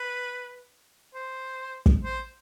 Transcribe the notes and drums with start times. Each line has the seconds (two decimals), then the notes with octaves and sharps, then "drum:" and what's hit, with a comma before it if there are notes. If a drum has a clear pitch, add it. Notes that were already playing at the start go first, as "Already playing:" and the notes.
Already playing: B4
1.15 C5
1.86 drum: kick
2.05 C5